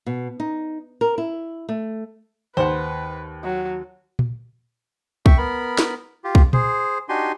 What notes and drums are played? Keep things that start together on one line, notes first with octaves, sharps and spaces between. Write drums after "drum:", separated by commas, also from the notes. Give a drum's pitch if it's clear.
B2
D#4
A#4
E4
A3
D#2 B4 C5 F#5
F#3
drum: tom A#2
E5 G5 C#6, drum: kick
B3 A#4 B5
drum: snare
F4 G4
drum: kick
G#4 C5, drum: tom A#2
D4 D#4 F#4 G4 G#5 C6